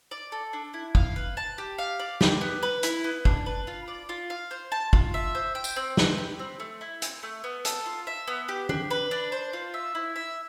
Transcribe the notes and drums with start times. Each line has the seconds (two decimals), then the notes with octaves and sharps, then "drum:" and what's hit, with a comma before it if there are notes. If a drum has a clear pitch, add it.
0.11 D5
0.32 A4
0.53 D4
0.74 E4
0.95 F5, drum: kick
1.16 B4
1.37 A5
1.58 G4
1.78 F5
1.99 D5
2.21 G4, drum: snare
2.41 B3
2.63 B4
2.83 E4, drum: hi-hat
3.04 B3
3.25 D4, drum: kick
3.46 B4
3.67 F4
3.88 D5
4.09 F4
4.30 F5
4.51 C5
4.72 A5
4.93 F4, drum: kick
5.14 E5
5.35 C5
5.55 G5
5.64 drum: tambourine
5.76 C4
5.97 B4, drum: snare
6.18 G4
6.39 C4
6.60 A3
6.81 E4
7.02 C4, drum: hi-hat
7.23 A3
7.44 B3
7.65 A4, drum: hi-hat
7.86 F4
8.07 E5
8.28 B3
8.49 G4
8.69 D4, drum: tom E3
8.91 B4
9.11 D4
9.32 C5
9.53 F4
9.74 E5
9.95 E4
10.16 E5